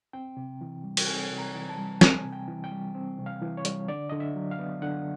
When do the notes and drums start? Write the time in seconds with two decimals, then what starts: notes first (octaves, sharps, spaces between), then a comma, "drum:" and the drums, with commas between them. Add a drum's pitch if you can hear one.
0.13 C4 G5
0.37 C3
0.61 E3
0.84 G3
0.97 G5, drum: cymbal
1.07 C4 G#5
1.31 C3
1.38 A#5
1.54 E3
1.69 A5
1.78 G3
2.01 C4 G#5, drum: snare
2.25 C3
2.32 G5
2.48 E3
2.64 G5
2.71 G3
2.95 C4
3.18 C3
3.26 F5
3.42 E3
3.57 C#5
3.65 G3, drum: hi-hat
3.88 D3 D5
4.10 D3 D#5
4.20 E5
4.35 F#3
4.51 F5
4.59 B3
4.82 D3 F#5